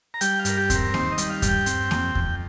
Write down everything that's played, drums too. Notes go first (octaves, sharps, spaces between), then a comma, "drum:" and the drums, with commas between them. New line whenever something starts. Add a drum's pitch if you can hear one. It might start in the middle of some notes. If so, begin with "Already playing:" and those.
A#5
G3 G5, drum: hi-hat
F5
G2 A#4, drum: hi-hat
G4
C4, drum: kick D#2, hi-hat
A#4
D#3 C5, drum: snare A#3
D#5
G3, drum: hi-hat
F5
G2, drum: kick D#2, hi-hat
G5
C4, drum: hi-hat
F2, drum: snare A#3
F2, drum: kick D#2